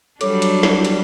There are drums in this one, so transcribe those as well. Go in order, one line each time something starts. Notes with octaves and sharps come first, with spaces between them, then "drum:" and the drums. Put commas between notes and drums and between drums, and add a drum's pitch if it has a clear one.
F#3 G3 D4 A4 C#5 D6, drum: hi-hat
drum: hi-hat
drum: snare
drum: hi-hat